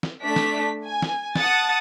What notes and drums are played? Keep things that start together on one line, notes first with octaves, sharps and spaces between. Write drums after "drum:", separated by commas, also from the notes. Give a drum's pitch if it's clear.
drum: snare
A3 D4 B6
drum: snare
G#5
drum: snare
F#5 A5 D#6 A6, drum: snare